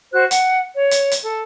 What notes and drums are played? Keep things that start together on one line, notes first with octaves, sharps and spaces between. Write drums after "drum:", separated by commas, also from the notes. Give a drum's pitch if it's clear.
F#4 C5 F#6
F#5, drum: hi-hat
C#5
drum: hi-hat
drum: hi-hat
A4